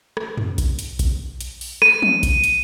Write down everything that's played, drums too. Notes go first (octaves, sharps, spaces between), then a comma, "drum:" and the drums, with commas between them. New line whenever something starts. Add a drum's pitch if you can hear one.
drum: rim click
drum: tom
drum: kick A#1, hi-hat
drum: hi-hat
drum: kick A#1, hi-hat
drum: hi-hat
drum: open hi-hat
D#7, drum: rim click
drum: tom
drum: kick A#1, hi-hat
drum: hi-hat